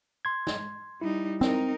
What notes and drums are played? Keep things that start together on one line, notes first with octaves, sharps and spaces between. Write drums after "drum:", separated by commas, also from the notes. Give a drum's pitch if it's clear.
C6 G#6
drum: snare
G3 D#4 E4
C4 D#4 A#4, drum: snare